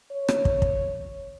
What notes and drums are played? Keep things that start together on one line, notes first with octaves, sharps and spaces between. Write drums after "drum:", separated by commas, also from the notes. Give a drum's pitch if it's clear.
C#5
drum: rim click
drum: kick
drum: kick